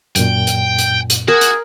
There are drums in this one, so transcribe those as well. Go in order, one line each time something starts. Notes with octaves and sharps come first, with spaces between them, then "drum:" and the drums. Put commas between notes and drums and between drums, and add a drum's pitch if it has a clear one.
F#2 A#2 G5, drum: hi-hat
drum: hi-hat
drum: hi-hat
drum: hi-hat
F#4 G#4 A#4
drum: hi-hat